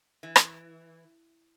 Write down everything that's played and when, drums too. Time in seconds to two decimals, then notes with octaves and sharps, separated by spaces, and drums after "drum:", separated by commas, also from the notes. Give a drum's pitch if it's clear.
0.23 E3
0.36 drum: rim click